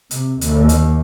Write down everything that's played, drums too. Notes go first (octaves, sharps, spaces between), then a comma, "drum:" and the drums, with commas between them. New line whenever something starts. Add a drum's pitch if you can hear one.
C3, drum: hi-hat
D#2, drum: hi-hat
drum: hi-hat